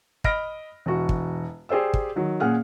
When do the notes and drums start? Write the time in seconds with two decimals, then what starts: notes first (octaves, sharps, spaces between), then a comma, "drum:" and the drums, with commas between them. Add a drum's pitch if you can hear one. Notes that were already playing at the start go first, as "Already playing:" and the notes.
0.24 D#5 B5 F6 A#6 D7, drum: kick
0.86 E1 F#4
1.09 drum: kick
1.69 G4 G#4 C5 D5 E6
1.94 drum: kick
2.16 D#3 F#3
2.40 A#2 C#4 G#4 F#5 F6